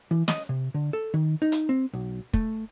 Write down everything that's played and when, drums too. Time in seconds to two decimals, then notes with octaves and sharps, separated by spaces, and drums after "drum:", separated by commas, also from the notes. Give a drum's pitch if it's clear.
0.11 E3
0.28 D#5, drum: snare
0.49 C3
0.74 D3
0.93 A4
1.14 D#3
1.42 D#4
1.52 drum: hi-hat
1.69 C4
1.93 B1
2.33 A3, drum: kick